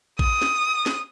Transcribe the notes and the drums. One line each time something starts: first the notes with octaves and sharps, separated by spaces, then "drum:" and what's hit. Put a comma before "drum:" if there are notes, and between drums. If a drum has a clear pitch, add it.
D#6, drum: kick A1
drum: snare
drum: snare